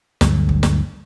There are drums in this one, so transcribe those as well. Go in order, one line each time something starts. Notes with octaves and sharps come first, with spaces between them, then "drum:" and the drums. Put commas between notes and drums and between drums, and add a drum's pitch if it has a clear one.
D2 G2 D3 F#3, drum: snare
drum: kick
drum: snare